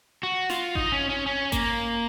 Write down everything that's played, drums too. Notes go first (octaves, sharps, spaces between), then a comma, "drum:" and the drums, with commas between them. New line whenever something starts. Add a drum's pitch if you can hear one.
F#4
F4, drum: snare
D#4, drum: kick G#1
C#4
C#4
C#4
A#3, drum: kick G#1, hi-hat